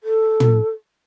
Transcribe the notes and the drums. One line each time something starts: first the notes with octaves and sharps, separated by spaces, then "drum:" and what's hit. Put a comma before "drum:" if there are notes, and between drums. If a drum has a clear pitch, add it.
A4
drum: tom